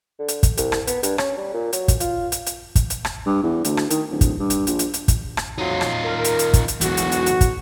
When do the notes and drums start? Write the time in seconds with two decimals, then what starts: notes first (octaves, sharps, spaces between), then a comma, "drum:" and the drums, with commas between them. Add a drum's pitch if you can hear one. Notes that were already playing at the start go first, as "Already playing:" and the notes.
0.19 D3
0.28 drum: hi-hat
0.43 drum: kick, hi-hat
0.57 C2, drum: hi-hat
0.72 drum: rim click
0.87 B3, drum: hi-hat
1.03 G2, drum: hi-hat
1.18 C#4, drum: rim click
1.37 G3
1.54 A#2
1.73 F#3, drum: hi-hat
1.88 drum: kick, hi-hat
2.00 F4, drum: hi-hat
2.32 drum: hi-hat
2.46 drum: hi-hat
2.76 drum: kick, hi-hat
2.90 drum: hi-hat
3.05 drum: rim click
3.26 G2
3.43 E2
3.65 D2, drum: hi-hat
3.77 drum: rim click
3.90 D#3, drum: hi-hat
4.11 D1
4.21 drum: kick, hi-hat
4.39 G2
4.50 drum: hi-hat
4.67 A#1, drum: hi-hat
4.79 drum: hi-hat
4.94 drum: hi-hat
5.08 drum: kick, hi-hat
5.37 drum: rim click
5.58 F2 F#3 D#4 F4
5.81 drum: rim click
6.04 A#4
6.24 drum: hi-hat
6.39 drum: hi-hat
6.53 drum: kick, hi-hat
6.68 drum: hi-hat
6.81 B1 B2 E3 F#4, drum: hi-hat
6.97 drum: hi-hat
7.12 drum: hi-hat
7.26 drum: hi-hat
7.41 drum: kick, hi-hat